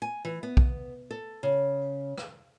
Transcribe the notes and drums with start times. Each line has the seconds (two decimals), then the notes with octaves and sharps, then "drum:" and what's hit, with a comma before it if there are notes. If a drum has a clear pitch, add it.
0.02 G#5
0.25 E3
0.43 B3
0.57 drum: kick B1
1.11 A4
1.43 C#3
2.18 drum: rim click